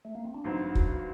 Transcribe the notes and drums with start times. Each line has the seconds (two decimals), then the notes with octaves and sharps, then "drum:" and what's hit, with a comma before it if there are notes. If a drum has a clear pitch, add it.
0.05 A3
0.15 A#3
0.24 C4
0.34 D4
0.44 A1 G2 D#3 F#3 C4 D#4
0.75 F#4, drum: kick